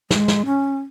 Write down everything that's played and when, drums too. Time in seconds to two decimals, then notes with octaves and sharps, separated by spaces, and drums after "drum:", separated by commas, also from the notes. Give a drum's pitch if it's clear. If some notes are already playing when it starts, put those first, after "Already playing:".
0.11 G#3, drum: snare
0.28 drum: snare
0.45 C#4